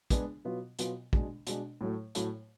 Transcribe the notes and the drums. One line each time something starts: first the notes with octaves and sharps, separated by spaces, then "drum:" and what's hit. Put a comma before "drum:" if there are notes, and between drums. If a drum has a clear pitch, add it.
G#3 B3 D4 G#4, drum: kick, hi-hat
B2 F#3 B3 F4
B2 F#3 B3 F4, drum: hi-hat
B2 G#3 D4, drum: kick
B2 G#3 D4, drum: hi-hat
A2 F#3 A3
A2 F#3 A3, drum: hi-hat